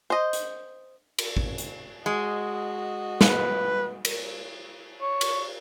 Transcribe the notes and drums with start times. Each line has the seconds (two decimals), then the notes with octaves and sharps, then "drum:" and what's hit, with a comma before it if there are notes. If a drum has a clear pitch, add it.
0.10 C5 D#5
0.33 drum: hi-hat
1.19 drum: cymbal
1.37 drum: kick
1.58 drum: hi-hat
2.06 G#3 F#4 D#5
3.21 B4, drum: snare
4.05 drum: cymbal
5.02 C#5
5.21 drum: cymbal